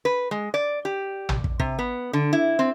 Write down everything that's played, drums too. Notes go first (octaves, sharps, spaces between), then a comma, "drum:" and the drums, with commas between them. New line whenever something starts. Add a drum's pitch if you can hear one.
B4
G#3
D5
G4
drum: tom
drum: kick
C3, drum: kick
B3
D3
E4
C4